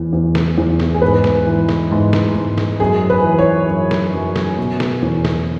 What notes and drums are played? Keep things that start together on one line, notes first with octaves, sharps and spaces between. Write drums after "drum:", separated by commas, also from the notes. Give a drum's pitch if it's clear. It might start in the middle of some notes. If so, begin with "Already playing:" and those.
Already playing: E2 E3
E2
drum: snare
E2
drum: snare
G#4
G#2 B4
drum: snare
E3
drum: snare
G#2
drum: snare
G#2
drum: snare
F#2 G#4
B4
E3
C#5
F#2
drum: snare
F#2
drum: snare
B2
drum: snare
E2
drum: snare